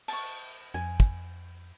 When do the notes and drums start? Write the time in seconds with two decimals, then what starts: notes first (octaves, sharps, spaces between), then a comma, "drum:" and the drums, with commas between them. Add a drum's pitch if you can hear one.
0.08 A5 C#6, drum: cymbal
0.74 F2 G#5
1.00 drum: kick